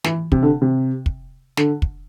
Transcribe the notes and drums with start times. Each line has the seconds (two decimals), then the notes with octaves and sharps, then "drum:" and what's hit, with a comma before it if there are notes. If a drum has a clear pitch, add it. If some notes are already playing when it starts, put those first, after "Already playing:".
0.04 E3, drum: snare
0.32 C3, drum: kick
0.42 D3
0.62 C3
1.06 drum: kick
1.57 D3, drum: snare
1.82 drum: kick